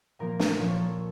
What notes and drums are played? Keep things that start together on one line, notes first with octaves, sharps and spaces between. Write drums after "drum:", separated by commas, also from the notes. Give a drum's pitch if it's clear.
A#2 F3 A#3 A#4
A4, drum: snare
A#2 F3 A#3 C#5
C#5
A4